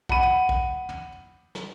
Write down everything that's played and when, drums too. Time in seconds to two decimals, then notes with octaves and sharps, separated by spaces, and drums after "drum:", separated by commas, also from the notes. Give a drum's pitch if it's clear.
0.09 F#5 B5 D#7, drum: kick
0.23 drum: tom
0.49 drum: kick
0.89 drum: tom
1.55 drum: snare